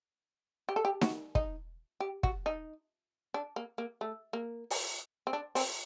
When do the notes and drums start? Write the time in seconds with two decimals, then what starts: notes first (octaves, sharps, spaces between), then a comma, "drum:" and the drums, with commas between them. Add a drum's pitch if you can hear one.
0.69 G4
0.76 A4
0.85 G4
1.01 F#4, drum: snare D#4
1.35 D#4, drum: kick
2.00 G4
2.23 F#4, drum: kick
2.46 D#4
3.34 D4
3.56 A#3
3.78 A#3
4.01 A3
4.33 A#3
4.70 drum: open hi-hat
5.27 C4
5.33 D4
5.55 C4, drum: open hi-hat